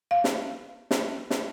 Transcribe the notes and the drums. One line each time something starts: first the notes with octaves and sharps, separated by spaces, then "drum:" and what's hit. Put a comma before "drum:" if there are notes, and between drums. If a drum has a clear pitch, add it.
F5
drum: snare
drum: snare
drum: snare